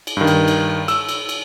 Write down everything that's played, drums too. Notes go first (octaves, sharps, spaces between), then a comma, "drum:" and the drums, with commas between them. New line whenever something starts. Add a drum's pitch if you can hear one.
drum: cymbal
G2 D#3
drum: cymbal
drum: cymbal
E6, drum: cymbal
drum: cymbal
drum: cymbal